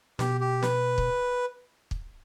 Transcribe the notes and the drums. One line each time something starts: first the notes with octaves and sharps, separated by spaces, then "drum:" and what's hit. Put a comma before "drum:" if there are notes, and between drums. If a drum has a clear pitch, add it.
B2 G4, drum: snare
G4
B4, drum: snare
drum: kick
drum: kick